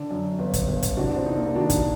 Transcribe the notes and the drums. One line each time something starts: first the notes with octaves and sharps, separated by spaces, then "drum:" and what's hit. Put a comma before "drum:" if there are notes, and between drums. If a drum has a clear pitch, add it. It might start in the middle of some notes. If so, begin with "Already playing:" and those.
Already playing: D3 D4
F#2
G1
drum: kick, hi-hat
G1
drum: kick, hi-hat
C2 D4 F#4
C4
C3 D#4
A#3 D4
D#3 D4 F#4
drum: kick, hi-hat